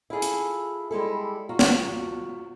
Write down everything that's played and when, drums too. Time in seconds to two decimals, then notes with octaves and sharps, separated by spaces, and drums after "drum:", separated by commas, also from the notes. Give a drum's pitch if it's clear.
0.10 E4 F4 G#4 A4
0.22 drum: hi-hat
0.91 G3 G#3 E4 A4
1.49 F4 F#4 A#5
1.59 drum: snare